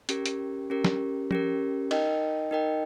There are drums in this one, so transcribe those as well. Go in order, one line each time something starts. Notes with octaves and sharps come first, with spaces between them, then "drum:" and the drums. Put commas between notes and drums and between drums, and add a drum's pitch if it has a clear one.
C#4 G4 A#4, drum: hi-hat
drum: hi-hat
C#4 G4 A#4
drum: snare
C#4 G4 A#4, drum: tom F3
D#4 A#4 D#5 G5, drum: cymbal
D#4 A#4 D#5 G5